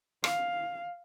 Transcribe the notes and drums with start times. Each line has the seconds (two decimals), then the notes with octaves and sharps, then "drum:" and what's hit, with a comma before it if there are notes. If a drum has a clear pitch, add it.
0.24 F5, drum: rim click